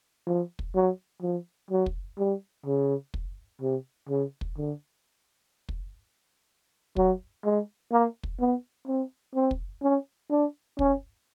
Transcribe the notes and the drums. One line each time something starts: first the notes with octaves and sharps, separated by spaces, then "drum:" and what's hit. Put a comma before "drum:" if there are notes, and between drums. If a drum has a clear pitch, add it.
F3
drum: kick
F#3
F3
F#3
drum: kick
G3
C#3
drum: kick
C3
C#3
drum: kick
D3
drum: kick
F#3, drum: kick
G#3
A#3
drum: kick
B3
C4
C4
drum: kick
C#4
D4
C#4, drum: kick